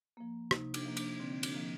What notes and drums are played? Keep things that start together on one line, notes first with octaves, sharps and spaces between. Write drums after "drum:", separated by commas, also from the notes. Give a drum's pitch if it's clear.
F3 A#3
C3 D#4, drum: rim click
D4, drum: cymbal
F3 A#3
D4, drum: cymbal
D3 C4
D4, drum: cymbal
F3 A#3